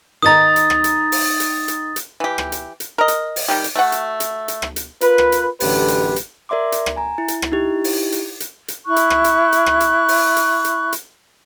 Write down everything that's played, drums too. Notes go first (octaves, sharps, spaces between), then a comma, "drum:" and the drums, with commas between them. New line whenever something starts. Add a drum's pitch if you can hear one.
D#3 D#4 A#5 D#6 A6
drum: hi-hat
drum: rim click
drum: hi-hat
drum: open hi-hat
drum: hi-hat
drum: hi-hat
drum: hi-hat
E3 G4
drum: rim click
drum: hi-hat
drum: hi-hat
A#4 D#5
drum: hi-hat
drum: open hi-hat
D#3 G3 G4
drum: hi-hat
A3 F#4 F#5
drum: hi-hat
drum: hi-hat
drum: hi-hat
drum: rim click
drum: hi-hat
F4 A#4 B4, drum: hi-hat
drum: rim click
drum: hi-hat
A1 F#2 D3 G4 B4, drum: open hi-hat
drum: hi-hat
drum: hi-hat
A#4 D5 E5 C6 D6
drum: hi-hat
drum: rim click
G#5 A#5
E4
drum: hi-hat
drum: rim click
D#4 E4 G4
drum: open hi-hat
drum: hi-hat
drum: hi-hat
drum: hi-hat
E4 C#6 F#6
drum: hi-hat
drum: rim click
drum: hi-hat
drum: hi-hat
drum: rim click
drum: hi-hat
drum: open hi-hat
drum: hi-hat
drum: hi-hat
drum: hi-hat